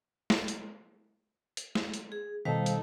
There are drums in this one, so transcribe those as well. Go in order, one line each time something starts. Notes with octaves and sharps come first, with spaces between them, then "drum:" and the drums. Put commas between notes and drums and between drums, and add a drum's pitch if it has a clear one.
drum: snare
drum: hi-hat
drum: hi-hat
drum: snare
drum: hi-hat
G#4
B2 D#3 G3 D#4 A4 C5 F5
drum: hi-hat